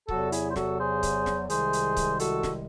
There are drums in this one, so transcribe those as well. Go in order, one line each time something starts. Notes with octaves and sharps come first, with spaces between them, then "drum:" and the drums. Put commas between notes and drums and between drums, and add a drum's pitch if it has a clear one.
E2 C3 F#3 F#4 A4, drum: kick C#1
E4 G#4, drum: hi-hat
C5
F#4 A4, drum: snare
G#4 C5
drum: kick C#1, hi-hat
drum: snare
C2 C3 D#3 G#3 G#4 C5, drum: hi-hat
drum: hi-hat
drum: kick C#1, hi-hat
F#4 A4, drum: hi-hat
drum: snare